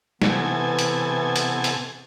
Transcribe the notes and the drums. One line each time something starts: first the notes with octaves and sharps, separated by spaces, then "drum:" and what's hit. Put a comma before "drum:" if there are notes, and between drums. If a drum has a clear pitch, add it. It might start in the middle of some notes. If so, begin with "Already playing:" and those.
C3 E3 B3 A4 G#5, drum: snare
drum: hi-hat
drum: hi-hat
drum: hi-hat